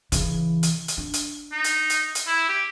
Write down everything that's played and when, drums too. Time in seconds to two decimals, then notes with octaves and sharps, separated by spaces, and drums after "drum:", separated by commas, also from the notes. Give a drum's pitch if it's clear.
0.12 C#3 E3, drum: kick, hi-hat
0.63 drum: hi-hat
0.88 drum: hi-hat
0.97 D4
1.13 drum: hi-hat
1.52 D#4
1.64 drum: hi-hat
1.90 drum: hi-hat
2.15 drum: hi-hat
2.26 E4
2.49 G4